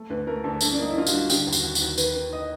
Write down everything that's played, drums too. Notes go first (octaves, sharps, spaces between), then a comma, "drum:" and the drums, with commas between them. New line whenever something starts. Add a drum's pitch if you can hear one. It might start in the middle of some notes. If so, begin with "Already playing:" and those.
Already playing: A3
D2 B4
A3 A#4
D2 A4
G2 A4, drum: tambourine
D4
A#3 D#4
E4
D3 F4
F#4, drum: tambourine
G2
D3 G4, drum: tambourine
D#2
F#4, drum: tambourine
D#2
F#4, drum: tambourine
D#2
D#3 B4, drum: tambourine
D#3
D#5